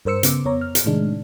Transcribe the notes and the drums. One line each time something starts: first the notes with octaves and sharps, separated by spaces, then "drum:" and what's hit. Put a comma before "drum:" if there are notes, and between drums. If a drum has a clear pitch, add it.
G2 A#4 C5 E6 C#7
C#3 B3 D6, drum: hi-hat
F2 B3 C#5 A#5
F6
drum: hi-hat
A2 C3 D#3 G#3 D4 D#4